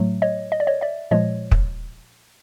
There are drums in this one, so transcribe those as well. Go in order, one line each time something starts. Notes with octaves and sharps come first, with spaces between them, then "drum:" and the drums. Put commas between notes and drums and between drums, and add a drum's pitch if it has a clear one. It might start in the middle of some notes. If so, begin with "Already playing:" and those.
Already playing: A2 F#3 A3
C#5 D#5
D#5
D5
C#5 D#5
D5 E5
A#2 F3 G#3 C#5 D#5
drum: kick